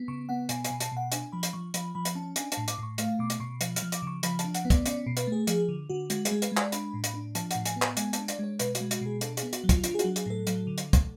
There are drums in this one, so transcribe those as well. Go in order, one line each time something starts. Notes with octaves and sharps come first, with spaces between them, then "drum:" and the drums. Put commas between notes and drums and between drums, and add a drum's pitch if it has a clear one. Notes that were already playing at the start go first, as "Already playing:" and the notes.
Already playing: B3
C#3 C#6
B3 F#5
B2 G#5, drum: hi-hat
G#5, drum: hi-hat
B2
A5, drum: hi-hat
B2 F#5
D4 G#5, drum: hi-hat
F3 B5
drum: hi-hat
F3 C#6
F3 B5, drum: hi-hat
F3 B5
drum: hi-hat
C#4 A5
D4 G#5, drum: hi-hat
A5, drum: hi-hat
A2
D6, drum: hi-hat
A2 C#6
A3 F5, drum: hi-hat
B2 D6
drum: hi-hat
B2 C#6
F3, drum: hi-hat
F6, drum: hi-hat
F3
D6, drum: hi-hat
C#3 C#6
F3 B5, drum: hi-hat
A5, drum: hi-hat
D4
F#5, drum: hi-hat
B3
D5, drum: kick, hi-hat
C#4 D5, drum: hi-hat
B2
B4, drum: hi-hat
A3 G#4
F3 G#4, drum: hi-hat
D3
D3 F#4
G#3 F#4, drum: hi-hat
G#4, drum: hi-hat
G#3
B4, drum: hi-hat
G#3
D5, drum: clap
D4 B5, drum: hi-hat
A2
drum: hi-hat
D4
F3 A5, drum: hi-hat
A2 F#5, drum: hi-hat
G#5, drum: hi-hat
B3
A5, drum: clap
G#3 G#5, drum: hi-hat
D4 A5, drum: hi-hat
D5, drum: hi-hat
G#3 C#5
B2 B4, drum: hi-hat
F#4, drum: hi-hat
G#3
F#4, drum: hi-hat
B2 G#4
D4 A4, drum: hi-hat
G#4, drum: hi-hat
B3
F#4, drum: hi-hat
F#3
F4, drum: kick, hi-hat
D4 F4, drum: hi-hat
G#4
F#4, drum: hi-hat
F#3
G#4, drum: hi-hat
A2 A4
F#3, drum: hi-hat
D3
drum: hi-hat
drum: kick, hi-hat